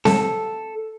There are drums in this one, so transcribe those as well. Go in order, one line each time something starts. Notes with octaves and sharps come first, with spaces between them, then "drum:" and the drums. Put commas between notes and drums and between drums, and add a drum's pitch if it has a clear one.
A4, drum: snare C4